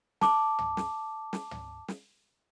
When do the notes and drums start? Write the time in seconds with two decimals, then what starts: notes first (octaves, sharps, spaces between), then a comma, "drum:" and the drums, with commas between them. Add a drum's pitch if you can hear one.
0.21 A5 D6, drum: snare
0.59 drum: tom
0.77 drum: snare
1.33 drum: snare
1.51 drum: tom
1.88 drum: snare